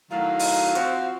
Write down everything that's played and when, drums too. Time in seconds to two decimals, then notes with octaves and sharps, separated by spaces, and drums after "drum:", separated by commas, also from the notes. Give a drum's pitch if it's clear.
0.11 A2 D#3 F#3 F5
0.39 drum: open hi-hat
0.75 F3 C4 F#4, drum: hi-hat